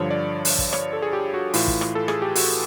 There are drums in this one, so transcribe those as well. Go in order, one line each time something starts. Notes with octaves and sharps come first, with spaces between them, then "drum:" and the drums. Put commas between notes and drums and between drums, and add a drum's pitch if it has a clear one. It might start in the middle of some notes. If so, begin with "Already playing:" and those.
Already playing: G2 D3 F3 C#5
D5
drum: open hi-hat
drum: kick
C#5, drum: rim click
A4
G#4
G4
F#4
A2 E3 F4, drum: open hi-hat
drum: kick
drum: rim click
A4
G#4, drum: rim click
G4
F#4, drum: open hi-hat